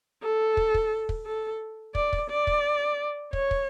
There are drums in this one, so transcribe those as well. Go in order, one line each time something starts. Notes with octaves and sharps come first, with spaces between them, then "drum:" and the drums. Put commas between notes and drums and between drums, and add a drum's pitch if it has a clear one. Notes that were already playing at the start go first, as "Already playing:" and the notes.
A4
drum: kick
drum: kick
drum: kick
A4
D5, drum: kick
drum: kick
D5
drum: kick
C#5, drum: kick
drum: kick